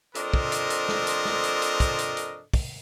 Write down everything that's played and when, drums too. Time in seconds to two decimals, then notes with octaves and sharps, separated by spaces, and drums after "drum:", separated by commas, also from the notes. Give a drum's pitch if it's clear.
0.15 F3 C4 D4 A4 A#4 D#5, drum: hi-hat
0.34 drum: kick
0.52 drum: hi-hat
0.70 drum: hi-hat
0.89 drum: snare
1.07 drum: hi-hat
1.25 drum: snare
1.44 drum: hi-hat
1.62 drum: hi-hat
1.80 drum: kick, hi-hat
1.99 drum: hi-hat
2.17 drum: hi-hat
2.54 drum: kick, open hi-hat